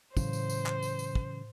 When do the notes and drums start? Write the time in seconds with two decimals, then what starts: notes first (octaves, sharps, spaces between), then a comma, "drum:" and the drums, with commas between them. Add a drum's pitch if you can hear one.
0.17 A2 C#3 E3 F#3 C5, drum: kick, tambourine
0.33 drum: tambourine
0.50 drum: tambourine
0.66 drum: clap
0.83 drum: tambourine
0.99 drum: tambourine
1.15 drum: kick